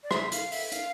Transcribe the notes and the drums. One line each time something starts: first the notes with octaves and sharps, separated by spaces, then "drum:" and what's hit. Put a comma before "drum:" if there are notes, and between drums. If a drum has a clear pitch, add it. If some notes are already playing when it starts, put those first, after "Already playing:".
D5
E5, drum: rim click
F5, drum: hi-hat
E5, drum: open hi-hat
F5, drum: hi-hat